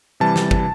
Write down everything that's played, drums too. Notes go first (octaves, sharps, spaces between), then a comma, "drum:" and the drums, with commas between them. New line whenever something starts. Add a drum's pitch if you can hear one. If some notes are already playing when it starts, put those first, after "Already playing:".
C3 E3 G3 A5
drum: snare
drum: kick